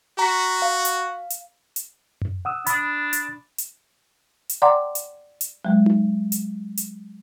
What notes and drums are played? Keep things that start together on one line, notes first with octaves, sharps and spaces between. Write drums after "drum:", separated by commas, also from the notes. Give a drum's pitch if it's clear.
F#4 A#5 B6
F5
drum: hi-hat
drum: hi-hat
drum: hi-hat
drum: tom F#2
F#5 D#6 E6
D4 B5 D#6, drum: hi-hat
drum: hi-hat
drum: hi-hat
drum: hi-hat
D5 F#5 G5 A#5 C6 D6
drum: hi-hat
drum: hi-hat
F#3 G#3
drum: tom D#4
drum: hi-hat
drum: hi-hat